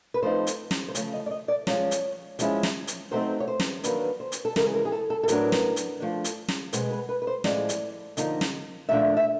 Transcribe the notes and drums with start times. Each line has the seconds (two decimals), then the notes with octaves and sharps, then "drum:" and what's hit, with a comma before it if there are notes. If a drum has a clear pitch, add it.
0.14 B4
0.23 F3 A3 C4 D#4 C5
0.47 drum: hi-hat
0.71 drum: snare
0.88 C5
0.95 C#3 F3 A3 C#5, drum: hi-hat
1.13 D#5
1.26 D5
1.31 D#5
1.48 D5
1.67 F3 G#3 C#4 C#5, drum: snare
1.91 drum: hi-hat
2.39 F3 G#3 C#4 E4, drum: hi-hat
2.63 drum: snare
2.87 drum: hi-hat
3.11 F#3 A3 C4 D#4 C5
3.40 C#5
3.48 C5
3.60 drum: snare
3.84 D#3 F#3 A#3 D4 B4, drum: hi-hat
4.20 C5
4.32 drum: hi-hat
4.45 A4
4.56 C#3 E3 G#3 A#4, drum: snare
4.74 A#4
4.85 G#4
4.92 A4
5.10 A4
5.23 A4
5.28 A2 F#3 B3 D4 A#4, drum: hi-hat
5.52 drum: snare
5.76 drum: hi-hat
6.00 F3 A3 D4
6.24 drum: hi-hat
6.48 drum: snare
6.73 B2 G#3 B3 C5, drum: hi-hat
6.91 B4
7.09 B4
7.22 B4
7.27 C5
7.44 A2 F3 G#3 D5, drum: snare
7.69 drum: hi-hat
8.17 D3 F3 A#3 D#4, drum: hi-hat
8.41 drum: snare
8.89 A#2 F3 A3 D4 E5
9.17 E5